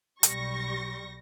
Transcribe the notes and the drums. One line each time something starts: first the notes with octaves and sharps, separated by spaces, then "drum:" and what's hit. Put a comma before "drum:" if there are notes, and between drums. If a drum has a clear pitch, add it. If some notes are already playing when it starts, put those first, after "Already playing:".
B1 G3 C#6 A#6, drum: hi-hat